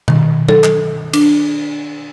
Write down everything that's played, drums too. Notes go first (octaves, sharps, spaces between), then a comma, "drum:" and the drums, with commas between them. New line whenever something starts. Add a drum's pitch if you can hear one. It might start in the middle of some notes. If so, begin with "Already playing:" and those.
D#3, drum: tom B2
A4, drum: tom F#3
drum: clap
D4, drum: cymbal